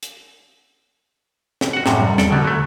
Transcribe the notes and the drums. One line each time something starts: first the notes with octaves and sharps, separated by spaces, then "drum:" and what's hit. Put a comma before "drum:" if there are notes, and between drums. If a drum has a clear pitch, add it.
drum: hi-hat
drum: snare
F#4 F#5
F#2 A2 C3, drum: snare
G3
E2 A4 D5, drum: snare
B2 D3 F#3 G3
F#3 A3